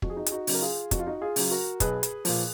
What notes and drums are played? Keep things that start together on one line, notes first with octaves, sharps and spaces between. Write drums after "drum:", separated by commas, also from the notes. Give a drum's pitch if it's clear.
F2 F#4, drum: kick
G#4
D#4 F#4
G#4, drum: hi-hat
D#4 F#4
C#3 F#3, drum: open hi-hat
A#4
F4 G#4
F2 F#4, drum: kick, hi-hat
F4
D#4 F#4
F4 G#4
C#3 F#3, drum: open hi-hat
F#4 A#4
B1 G#4 B4, drum: kick, hi-hat
drum: hi-hat
A#2 F3, drum: open hi-hat